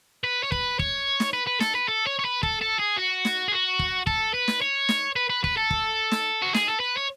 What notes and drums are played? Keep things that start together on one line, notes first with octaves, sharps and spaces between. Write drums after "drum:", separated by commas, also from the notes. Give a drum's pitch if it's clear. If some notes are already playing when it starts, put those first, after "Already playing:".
B4
C#5
B4, drum: kick
C#5, drum: kick
drum: snare
B4
B4
A4, drum: snare
B4
A4
C#5
C#5
B4
A4, drum: kick
A4
G#4
F#4
drum: snare
G#4
F#4
drum: kick
A4, drum: kick
B4
drum: snare
C#5
drum: snare
B4
B4
B4, drum: kick
A4
drum: kick
drum: snare
F#4
G#4, drum: snare
A4
B4
C#5